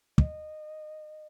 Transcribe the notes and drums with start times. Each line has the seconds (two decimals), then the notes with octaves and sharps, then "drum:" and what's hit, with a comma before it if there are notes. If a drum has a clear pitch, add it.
0.18 D#5, drum: kick